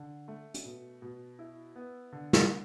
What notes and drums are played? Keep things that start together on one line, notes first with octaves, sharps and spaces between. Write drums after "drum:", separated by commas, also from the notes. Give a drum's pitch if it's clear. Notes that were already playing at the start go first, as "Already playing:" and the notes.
Already playing: D3
A3
drum: hi-hat
B2
B2
E4
B3
D3
drum: snare